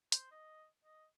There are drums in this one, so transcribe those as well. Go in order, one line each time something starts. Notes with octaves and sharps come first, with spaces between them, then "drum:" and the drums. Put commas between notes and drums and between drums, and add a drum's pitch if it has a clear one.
C5, drum: hi-hat
D#5
D#5